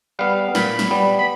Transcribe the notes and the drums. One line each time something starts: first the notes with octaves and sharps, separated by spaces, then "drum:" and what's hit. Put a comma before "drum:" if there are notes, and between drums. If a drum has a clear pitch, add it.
G3 B3 F5
A#2 B5, drum: snare
drum: snare
G3 B3
B5